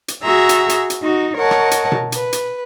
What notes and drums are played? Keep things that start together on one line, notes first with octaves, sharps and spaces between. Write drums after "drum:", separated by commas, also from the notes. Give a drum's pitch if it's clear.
drum: hi-hat
F#4 G#4 E5 A#5 E6
drum: hi-hat
drum: hi-hat
drum: hi-hat
D#4 F#4
A#4 C#5 D#5 F#5 A5
drum: rim click
drum: hi-hat
drum: tom B2
B4, drum: hi-hat
drum: hi-hat